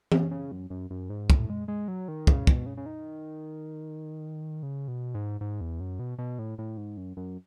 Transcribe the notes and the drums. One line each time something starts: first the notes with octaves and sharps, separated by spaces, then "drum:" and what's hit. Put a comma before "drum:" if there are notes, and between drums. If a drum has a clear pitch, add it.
C#3, drum: tom E3
C#3
F#2
F#2
F#2
G#2
A2, drum: kick
G#3
G#3
F#3
D#3
C#3, drum: kick
B2, drum: kick
C#3
C#3
D#3
C#3
B2
G#2
G#2
E2
F#2
B2
B2
A2
A2
G#2
F#2
F#2